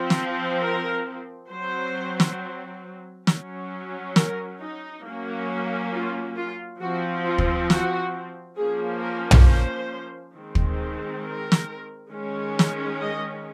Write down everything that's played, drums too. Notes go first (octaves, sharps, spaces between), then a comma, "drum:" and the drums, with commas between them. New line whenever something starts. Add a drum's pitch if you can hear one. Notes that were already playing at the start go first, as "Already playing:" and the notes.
Already playing: F3 C4
drum: snare
A#4
F#3 C4 C5
drum: snare
F#3 C#4, drum: snare
A#4, drum: snare
D#4
F#3 A#3 C#4
F4
F4
F3 C4 F#4
F4
drum: kick
F#4, drum: snare
F3 A#3 C#4 G#4
A#4
drum: tom
C5
D#3 G#3 C4
drum: kick
A#4
drum: snare
D#3 G#3 C#4
drum: snare
D#5